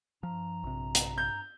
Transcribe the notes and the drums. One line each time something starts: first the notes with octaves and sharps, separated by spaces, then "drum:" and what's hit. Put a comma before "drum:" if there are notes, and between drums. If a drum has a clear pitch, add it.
G2 F3 A#5
A#1 C3
drum: hi-hat
G6